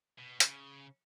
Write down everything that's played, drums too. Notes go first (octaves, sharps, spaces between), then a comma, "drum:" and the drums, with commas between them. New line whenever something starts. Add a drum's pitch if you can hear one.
B2
C#3, drum: hi-hat